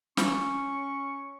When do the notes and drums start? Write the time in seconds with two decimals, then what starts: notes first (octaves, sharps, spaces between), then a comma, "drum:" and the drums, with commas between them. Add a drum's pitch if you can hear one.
0.17 C#4 C#6, drum: snare